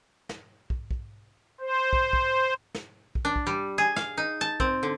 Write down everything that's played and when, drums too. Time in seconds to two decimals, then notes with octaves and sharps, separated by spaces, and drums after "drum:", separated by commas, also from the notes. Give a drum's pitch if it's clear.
0.29 drum: snare
0.70 drum: kick
0.91 drum: kick
1.60 C5
1.93 drum: kick
2.13 drum: kick
2.74 drum: snare
3.15 drum: kick
3.25 D4
3.36 drum: kick
3.47 G3
3.78 G#4
3.96 F5, drum: snare
4.18 D#4
4.41 A5
4.60 C4, drum: kick
4.83 D3